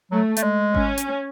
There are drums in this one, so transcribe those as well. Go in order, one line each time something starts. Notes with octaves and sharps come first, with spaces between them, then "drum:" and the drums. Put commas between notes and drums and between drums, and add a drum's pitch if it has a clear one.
F#3 A3
A3, drum: hi-hat
G#3
C#4, drum: kick G#1
drum: hi-hat